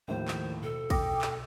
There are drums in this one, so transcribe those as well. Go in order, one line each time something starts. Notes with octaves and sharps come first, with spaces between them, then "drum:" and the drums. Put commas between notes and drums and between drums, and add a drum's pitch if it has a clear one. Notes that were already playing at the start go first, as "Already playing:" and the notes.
D#2 A2 D#3 F3 C5
drum: clap
B2 A4
G5 D6 D#6 A#6, drum: kick, cymbal
drum: clap